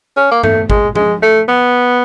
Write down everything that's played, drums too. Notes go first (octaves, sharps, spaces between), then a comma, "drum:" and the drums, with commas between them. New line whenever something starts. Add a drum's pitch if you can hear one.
C#4
A#3
A3, drum: tom G2
G#3, drum: kick G#1
G#3, drum: tom F3
A3
B3